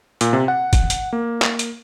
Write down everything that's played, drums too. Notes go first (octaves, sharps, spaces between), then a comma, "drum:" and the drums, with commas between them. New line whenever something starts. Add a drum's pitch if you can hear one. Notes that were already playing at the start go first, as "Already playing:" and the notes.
A#2, drum: hi-hat
C3
F#5
drum: kick, hi-hat
drum: hi-hat
A#3
drum: clap
drum: hi-hat